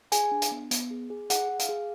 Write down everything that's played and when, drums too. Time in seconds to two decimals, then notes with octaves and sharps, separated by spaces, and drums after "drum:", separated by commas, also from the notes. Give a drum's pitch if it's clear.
0.12 G#4 G#5, drum: hi-hat
0.32 D4
0.42 drum: hi-hat
0.51 B3
0.71 B3, drum: hi-hat
0.91 G#4
1.10 G#4
1.30 G#4 F#5, drum: hi-hat
1.49 G#4
1.59 F5, drum: hi-hat
1.69 G#4